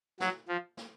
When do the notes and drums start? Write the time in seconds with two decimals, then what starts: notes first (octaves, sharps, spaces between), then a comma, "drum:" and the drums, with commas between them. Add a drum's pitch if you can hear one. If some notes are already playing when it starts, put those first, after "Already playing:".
0.20 F#3, drum: snare
0.48 F3
0.77 drum: snare